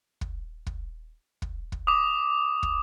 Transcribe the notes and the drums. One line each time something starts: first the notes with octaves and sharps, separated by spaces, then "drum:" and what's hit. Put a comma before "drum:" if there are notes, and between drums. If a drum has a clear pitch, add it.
drum: kick
drum: kick
drum: kick
drum: kick
D6 D#6
drum: kick